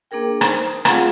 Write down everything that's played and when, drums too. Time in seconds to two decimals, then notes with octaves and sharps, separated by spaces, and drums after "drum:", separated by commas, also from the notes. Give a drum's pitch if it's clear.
0.11 A#3 D4 G#4 A#4 G5
0.41 D#4 C5, drum: rim click
0.85 A3 C4 F4 G#4 F5 F#5, drum: rim click